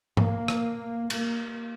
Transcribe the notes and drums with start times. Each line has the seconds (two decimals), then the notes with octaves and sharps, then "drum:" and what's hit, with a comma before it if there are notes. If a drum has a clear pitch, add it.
0.17 A#3, drum: tom G#2
0.48 drum: rim click
1.10 A#3, drum: cymbal